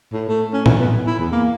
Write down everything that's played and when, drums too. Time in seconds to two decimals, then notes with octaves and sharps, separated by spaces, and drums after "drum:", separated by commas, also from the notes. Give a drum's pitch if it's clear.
0.13 A2
0.29 A3
0.53 C#4
0.66 E3, drum: tom A2
0.80 B3
1.07 E4
1.19 E2
1.33 A#3